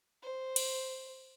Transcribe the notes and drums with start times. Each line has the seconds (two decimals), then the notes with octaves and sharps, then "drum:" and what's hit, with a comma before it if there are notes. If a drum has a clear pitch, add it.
0.22 C5
0.56 drum: cymbal